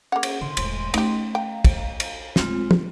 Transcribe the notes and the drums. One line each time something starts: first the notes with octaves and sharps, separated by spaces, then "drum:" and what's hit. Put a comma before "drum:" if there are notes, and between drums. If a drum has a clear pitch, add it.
A#3 C#4 G#4 F#5
drum: cymbal
D3 E4 C6
E1 A2, drum: cymbal
A3 C#4 D#4 G4, drum: cymbal
F5 G5 A#5
drum: kick, cymbal
drum: cymbal
D1 G#3 C4 E4 F4, drum: snare
drum: tom